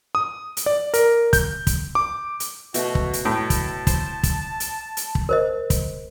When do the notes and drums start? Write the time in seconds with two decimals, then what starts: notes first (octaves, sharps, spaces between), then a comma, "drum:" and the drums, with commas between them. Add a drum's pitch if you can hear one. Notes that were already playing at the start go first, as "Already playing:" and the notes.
0.15 D#6
0.57 drum: hi-hat
0.66 D5
0.94 A#4, drum: hi-hat
1.33 G6, drum: kick, hi-hat
1.67 drum: kick, hi-hat
1.95 D6
2.40 drum: hi-hat
2.74 B2 A3 F#4, drum: hi-hat
2.95 drum: kick
3.13 drum: hi-hat
3.25 A2 A5
3.50 drum: kick, hi-hat
3.87 C5, drum: kick, hi-hat
4.23 drum: kick, hi-hat
4.60 drum: hi-hat
4.97 drum: hi-hat
5.15 drum: kick
5.29 A#4 C5 D#5
5.70 drum: kick, hi-hat